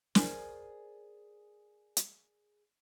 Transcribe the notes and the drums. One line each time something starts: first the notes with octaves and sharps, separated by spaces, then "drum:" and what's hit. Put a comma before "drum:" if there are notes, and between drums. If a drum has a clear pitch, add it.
G#4 A#4 C5 D5 G#5, drum: snare
drum: hi-hat